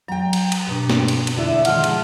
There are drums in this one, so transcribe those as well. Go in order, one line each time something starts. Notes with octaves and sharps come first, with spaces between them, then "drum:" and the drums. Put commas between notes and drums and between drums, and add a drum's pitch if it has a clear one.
F#3 G5 A#5
drum: cymbal
drum: cymbal
G2 B2 D4
drum: snare
drum: cymbal
drum: cymbal
D3 E4
D#3 F3 G#3 F#5 F6, drum: cymbal
drum: cymbal